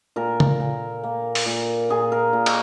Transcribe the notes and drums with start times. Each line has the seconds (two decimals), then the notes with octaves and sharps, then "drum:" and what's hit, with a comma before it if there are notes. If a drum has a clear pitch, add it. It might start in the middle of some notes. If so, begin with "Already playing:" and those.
0.16 A#2 A#4
0.40 drum: tom C#3
0.60 A#2
1.03 A#3
1.35 drum: open hi-hat
1.46 A#2
1.90 A#2 G#4
2.12 A#4
2.33 A#2
2.46 D#5, drum: cymbal